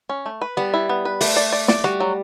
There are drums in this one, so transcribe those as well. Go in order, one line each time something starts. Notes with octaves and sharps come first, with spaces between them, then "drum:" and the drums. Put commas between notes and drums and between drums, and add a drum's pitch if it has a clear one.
C#4
A3
B4
G3 B3
E4
B3
B4
A3 D5, drum: open hi-hat
D5
D5
D5, drum: snare
G3 F#4
F#3